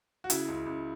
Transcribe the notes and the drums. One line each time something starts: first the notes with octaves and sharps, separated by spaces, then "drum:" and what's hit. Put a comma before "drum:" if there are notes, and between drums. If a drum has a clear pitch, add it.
F#4
C#3 E4, drum: hi-hat
C#2
C#2